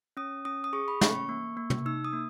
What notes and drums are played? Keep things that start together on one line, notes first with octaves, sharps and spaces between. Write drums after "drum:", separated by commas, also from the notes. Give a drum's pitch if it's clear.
C#4 D#6
C#4 D#6
D#6
G#4 C#6
B5
C#4 C#6, drum: snare
C#6
A#3
A#3
drum: tom
D#4 E6
D#6
A#3